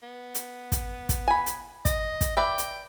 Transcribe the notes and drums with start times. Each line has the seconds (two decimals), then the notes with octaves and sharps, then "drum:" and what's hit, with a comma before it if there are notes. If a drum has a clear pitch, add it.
0.03 B3
0.34 drum: hi-hat
0.72 drum: kick, hi-hat
1.09 drum: kick, hi-hat
1.28 G#5 B5
1.46 drum: hi-hat
1.85 D#5, drum: kick, hi-hat
2.21 drum: kick, hi-hat
2.37 B4 D5 E5 G5
2.58 drum: hi-hat